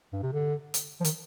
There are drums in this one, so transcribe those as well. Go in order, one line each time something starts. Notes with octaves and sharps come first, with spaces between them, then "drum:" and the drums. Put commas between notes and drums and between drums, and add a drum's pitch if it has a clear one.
G2
C3
D3
drum: hi-hat
F3
D#3, drum: hi-hat